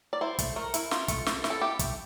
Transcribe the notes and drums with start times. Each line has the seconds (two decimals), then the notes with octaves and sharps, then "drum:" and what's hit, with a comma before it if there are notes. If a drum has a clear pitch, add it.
0.13 D5
0.21 E4 C5
0.39 A3, drum: kick, hi-hat
0.56 A3 A#4
0.74 E4, drum: hi-hat
0.91 E4 F4, drum: snare
1.08 A3, drum: kick, hi-hat
1.26 A3, drum: snare
1.44 E4, drum: snare
1.50 A4
1.61 E4 G4
1.79 A3, drum: kick, hi-hat